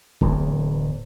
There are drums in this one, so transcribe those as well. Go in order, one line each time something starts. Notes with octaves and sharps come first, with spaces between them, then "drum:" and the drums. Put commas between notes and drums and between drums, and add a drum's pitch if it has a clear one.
D1 E2, drum: kick F1